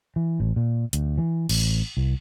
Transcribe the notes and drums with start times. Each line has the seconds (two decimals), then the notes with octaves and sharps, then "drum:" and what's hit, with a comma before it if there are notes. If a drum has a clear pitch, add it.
0.16 E3
0.40 A1
0.56 A#2
0.93 D2, drum: hi-hat
1.18 E3
1.49 A1, drum: cymbal
1.97 C2